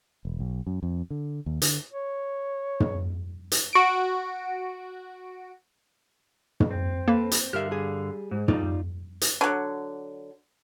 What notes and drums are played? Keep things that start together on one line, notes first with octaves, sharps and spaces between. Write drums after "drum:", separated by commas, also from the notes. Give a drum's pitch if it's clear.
E1
B1
F#2
F2
D3
D#2
D3, drum: hi-hat
C#5
drum: tom
drum: hi-hat
F#4 D7
drum: tom
C4
A#3 A4 B4
drum: hi-hat
G2 D3 G4 A#4 E5 F5 F6
G3 G#4
G#2
G3 D#4 F4 D5, drum: tom
drum: hi-hat
D3 F#3